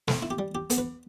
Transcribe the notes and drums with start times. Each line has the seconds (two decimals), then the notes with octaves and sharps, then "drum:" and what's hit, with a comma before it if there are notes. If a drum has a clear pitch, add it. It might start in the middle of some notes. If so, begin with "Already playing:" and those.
0.08 A2 A4, drum: snare
0.22 E4
0.31 G4
0.39 G3
0.55 G4
0.70 B3, drum: hi-hat
0.78 B4